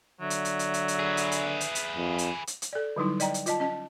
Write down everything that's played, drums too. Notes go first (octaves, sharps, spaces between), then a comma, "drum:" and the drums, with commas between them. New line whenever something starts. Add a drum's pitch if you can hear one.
D3 F#3 E5
drum: hi-hat
drum: hi-hat
drum: hi-hat
drum: hi-hat
drum: hi-hat
G#4 B4
drum: hi-hat
drum: hi-hat
drum: hi-hat
drum: hi-hat
F2
drum: hi-hat
drum: hi-hat
drum: hi-hat
A4 D5
D3 F#3 G3 D#4 E4
D5 D#5 G5 A#5, drum: hi-hat
drum: hi-hat
F4 D#5 A5, drum: hi-hat
C#4 D#5 A5